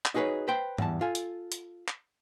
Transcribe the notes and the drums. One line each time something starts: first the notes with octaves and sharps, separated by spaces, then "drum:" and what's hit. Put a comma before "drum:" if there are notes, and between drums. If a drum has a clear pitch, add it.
drum: clap
D#4 F#4 G#4 A4 B4 C#5
B4 C5 G5
E2 G2 E3 A5, drum: tom G#2
F4 A4 G#5
drum: hi-hat
drum: hi-hat
drum: clap